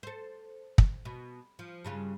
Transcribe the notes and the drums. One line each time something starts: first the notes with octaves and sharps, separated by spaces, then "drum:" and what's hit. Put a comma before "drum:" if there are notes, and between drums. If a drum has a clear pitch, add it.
A4 C5
drum: kick
B2
F3
G2 C#3 F4